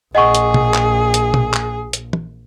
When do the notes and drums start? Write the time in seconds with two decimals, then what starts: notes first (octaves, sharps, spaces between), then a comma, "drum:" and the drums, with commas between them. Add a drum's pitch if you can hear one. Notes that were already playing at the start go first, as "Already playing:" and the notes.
0.15 A#1 G#4 D#5 F#5 C#6
0.35 drum: hi-hat
0.54 drum: tom
0.74 drum: clap
1.14 drum: hi-hat
1.34 drum: tom
1.54 drum: clap
1.93 drum: hi-hat
2.13 drum: tom